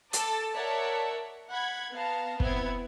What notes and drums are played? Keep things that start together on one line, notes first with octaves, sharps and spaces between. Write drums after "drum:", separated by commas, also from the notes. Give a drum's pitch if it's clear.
A4 A5 D6 E6 A6, drum: hi-hat
A#4 C#5 D5 E5 F#5 A5
F#5 B5 G#6
B3 F5 A5 A#5
B3 C4 E4 G#6, drum: kick